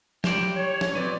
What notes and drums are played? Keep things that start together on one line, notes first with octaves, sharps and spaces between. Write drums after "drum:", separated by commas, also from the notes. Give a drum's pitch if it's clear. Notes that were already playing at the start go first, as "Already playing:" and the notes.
G4 C5 D5, drum: snare
C#5
drum: snare
A#2 C4 B4 D5